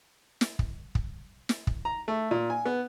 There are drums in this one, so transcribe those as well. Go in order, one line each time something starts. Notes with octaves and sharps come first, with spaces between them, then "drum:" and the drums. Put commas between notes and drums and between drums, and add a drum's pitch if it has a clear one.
drum: snare
drum: kick
drum: kick
drum: snare
drum: kick
A#5
A3
A#2
G#5
B3